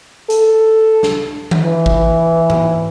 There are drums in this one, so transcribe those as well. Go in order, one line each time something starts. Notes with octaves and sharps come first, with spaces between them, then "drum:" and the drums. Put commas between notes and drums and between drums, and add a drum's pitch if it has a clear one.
A4, drum: hi-hat
drum: snare
drum: tom D#3
E3
drum: kick G#1
drum: tom G#2